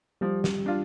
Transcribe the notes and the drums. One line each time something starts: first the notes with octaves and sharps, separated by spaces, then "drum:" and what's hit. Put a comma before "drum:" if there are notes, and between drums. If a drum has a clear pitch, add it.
F3 G3 G4
drum: snare
D4 F4